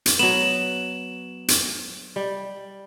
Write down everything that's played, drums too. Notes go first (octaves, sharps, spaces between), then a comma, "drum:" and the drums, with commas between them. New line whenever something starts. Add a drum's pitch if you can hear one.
drum: hi-hat
F#3 B3 E7 F#7
drum: hi-hat
G3